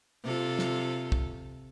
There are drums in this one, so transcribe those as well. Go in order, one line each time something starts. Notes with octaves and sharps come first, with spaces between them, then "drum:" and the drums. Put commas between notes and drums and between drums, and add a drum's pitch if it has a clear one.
C3 F4 A4
drum: snare
drum: kick